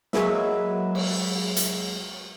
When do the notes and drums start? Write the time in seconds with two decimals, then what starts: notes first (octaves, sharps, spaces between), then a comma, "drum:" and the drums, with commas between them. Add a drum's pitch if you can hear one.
0.13 F#3 G#3 A#3 B4 E5, drum: snare
0.95 drum: cymbal
1.57 drum: hi-hat